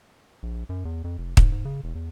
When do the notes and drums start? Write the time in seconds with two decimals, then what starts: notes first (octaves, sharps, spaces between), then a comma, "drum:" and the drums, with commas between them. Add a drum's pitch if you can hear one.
0.43 A#1
0.69 F#2
0.85 E2
1.04 F2
1.18 F1
1.37 G#2, drum: kick
1.52 G#2
1.65 C#3
1.84 E1
1.95 E2